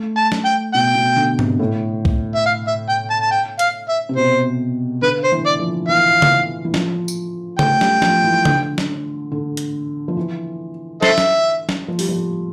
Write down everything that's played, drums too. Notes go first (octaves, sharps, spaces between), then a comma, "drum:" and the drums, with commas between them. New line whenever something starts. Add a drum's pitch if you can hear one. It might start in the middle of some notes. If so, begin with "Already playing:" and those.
Already playing: A3
A5
drum: snare
G5
B2 G5
B2
D3
C3, drum: tom G#2
A2
drum: kick C2
E5
F5
E5
G5
A5
A5
G5
F5, drum: hi-hat
E5
C3
B2 C5
D3 B4
C5
E3
D5
F3
E3 F5
drum: tom C#3
E3
F3, drum: snare
drum: tambourine
A3 G5, drum: tom C#3
G3, drum: snare
F3, drum: snare
E3
D3, drum: tom C#3
drum: snare
D3
drum: hi-hat
F3
E3
A4 C5 E5, drum: snare
drum: snare
drum: snare
F3
G3, drum: open hi-hat
F3